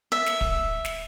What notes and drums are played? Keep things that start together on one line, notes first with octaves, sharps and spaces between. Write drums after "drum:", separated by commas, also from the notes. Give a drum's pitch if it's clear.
E5
drum: snare
drum: kick
drum: snare